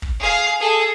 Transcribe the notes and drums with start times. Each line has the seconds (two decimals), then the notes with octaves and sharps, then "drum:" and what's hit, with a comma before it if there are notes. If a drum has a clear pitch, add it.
0.02 drum: kick
0.19 G#4 F5
0.60 G#4 A4